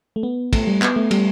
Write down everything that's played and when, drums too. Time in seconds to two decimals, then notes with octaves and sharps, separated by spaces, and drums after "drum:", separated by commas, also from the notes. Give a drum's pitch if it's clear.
0.16 A3
0.23 B3
0.53 A3, drum: kick, cymbal
0.67 G3
0.82 B3, drum: clap
0.96 A3
1.11 G3, drum: cymbal